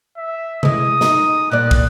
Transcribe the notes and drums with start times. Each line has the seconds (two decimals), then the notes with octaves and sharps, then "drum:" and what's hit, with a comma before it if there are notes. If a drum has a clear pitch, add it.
0.17 E5
0.63 E3 G#3 D#6, drum: tom C3
1.01 G#3 D#4, drum: snare
1.51 A#2 G3 D5 F#6
1.71 drum: kick